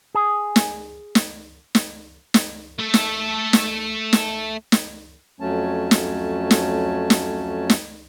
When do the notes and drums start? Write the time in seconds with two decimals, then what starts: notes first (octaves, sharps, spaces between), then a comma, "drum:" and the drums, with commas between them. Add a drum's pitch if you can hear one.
0.15 G#4
0.56 drum: snare
1.15 drum: snare
1.75 drum: snare
2.34 drum: snare
2.79 A3 A4
2.94 drum: snare
3.53 drum: snare
4.13 drum: snare
4.72 drum: snare
5.40 F2 F#3 A3 C#4 A5
5.91 drum: snare
6.51 drum: snare
7.10 drum: snare
7.70 drum: snare